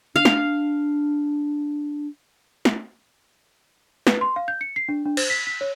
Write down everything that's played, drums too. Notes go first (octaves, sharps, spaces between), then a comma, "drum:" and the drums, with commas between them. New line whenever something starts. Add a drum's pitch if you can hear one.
D4 F5
drum: snare
drum: snare
B4, drum: snare
C6
F5
G6
C#7
C7
D4
D4
C5, drum: cymbal
B6
B6
C#5